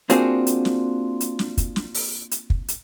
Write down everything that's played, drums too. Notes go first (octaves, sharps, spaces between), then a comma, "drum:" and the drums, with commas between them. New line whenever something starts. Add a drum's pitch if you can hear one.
A#3 C4 D4 F4 F#4 G#4, drum: hi-hat
drum: hi-hat
drum: snare
drum: hi-hat
drum: snare
drum: kick, hi-hat
drum: snare
drum: open hi-hat
drum: hi-hat
drum: kick
drum: hi-hat